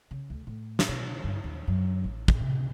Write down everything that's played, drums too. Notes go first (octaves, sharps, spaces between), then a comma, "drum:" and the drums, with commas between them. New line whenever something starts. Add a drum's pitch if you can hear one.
C#3
D2
A2
drum: snare
B2
G2
D#2
F#2
A1
drum: kick
C3